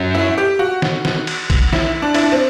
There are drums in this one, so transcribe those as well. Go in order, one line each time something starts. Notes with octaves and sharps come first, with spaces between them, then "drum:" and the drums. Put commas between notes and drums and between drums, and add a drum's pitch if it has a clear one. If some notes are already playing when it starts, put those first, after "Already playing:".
Already playing: F#2
E4
G4
F#4
drum: snare
drum: snare
drum: cymbal
drum: kick, cymbal
E4, drum: snare
D4
E4, drum: cymbal
D4
C4